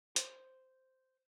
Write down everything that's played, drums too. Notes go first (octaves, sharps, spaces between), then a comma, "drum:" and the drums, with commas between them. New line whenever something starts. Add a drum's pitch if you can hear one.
C5, drum: hi-hat